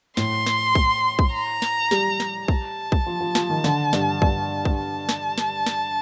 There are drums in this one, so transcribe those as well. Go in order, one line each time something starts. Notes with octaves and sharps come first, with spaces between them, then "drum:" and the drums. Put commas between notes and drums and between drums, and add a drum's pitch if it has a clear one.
A2 C6, drum: snare
drum: snare
drum: kick
drum: kick
A#5
drum: snare
G3, drum: snare
drum: snare
A5, drum: kick
drum: kick
F3
F3
F3, drum: snare
D#3
D3, drum: snare
G2, drum: snare
G2, drum: kick
drum: kick
A5
drum: snare
drum: snare
drum: snare